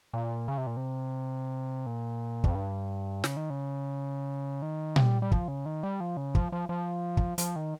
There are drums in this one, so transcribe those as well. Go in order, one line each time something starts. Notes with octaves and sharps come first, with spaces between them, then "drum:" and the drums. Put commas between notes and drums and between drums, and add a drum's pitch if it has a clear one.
A#2
C#3
C3
A#2
C3
A#2
F2, drum: kick
G2
C#3, drum: snare
D#3
C#3
D#3
G3, drum: tom A#2
G3
F3, drum: kick
C#3
D#3
G3
F3
C#3
F3, drum: kick
F3
F3
drum: kick
F3, drum: hi-hat
D#3